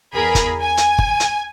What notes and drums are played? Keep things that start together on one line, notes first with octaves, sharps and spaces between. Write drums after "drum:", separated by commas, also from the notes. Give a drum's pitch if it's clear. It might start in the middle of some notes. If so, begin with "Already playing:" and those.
E2 G#4 A#4 B5
drum: kick G1, hi-hat
G#5
drum: hi-hat
drum: kick G1
drum: hi-hat